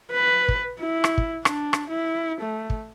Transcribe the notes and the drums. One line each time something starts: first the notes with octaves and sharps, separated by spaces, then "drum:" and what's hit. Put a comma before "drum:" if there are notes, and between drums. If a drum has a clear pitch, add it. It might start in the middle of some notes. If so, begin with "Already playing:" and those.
B4
drum: kick
E4
drum: rim click
drum: kick
D4, drum: rim click
drum: rim click
E4
A3
drum: kick